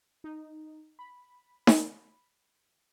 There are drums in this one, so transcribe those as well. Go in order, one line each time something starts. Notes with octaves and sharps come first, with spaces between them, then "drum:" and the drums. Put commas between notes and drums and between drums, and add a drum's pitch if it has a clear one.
D#4
B5
drum: snare D#4